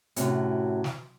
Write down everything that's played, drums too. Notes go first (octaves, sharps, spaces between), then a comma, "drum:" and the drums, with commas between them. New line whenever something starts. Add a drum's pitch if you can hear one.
F#2 A2 C3 F#3, drum: hi-hat
drum: snare